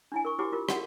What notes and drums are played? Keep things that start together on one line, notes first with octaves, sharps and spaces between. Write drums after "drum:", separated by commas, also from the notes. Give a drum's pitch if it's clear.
D4 E4 G#5
A#4 C#6
E4 F#4 G4 C5 D6
F4 G4 A#4
F#4 G4 F#5, drum: rim click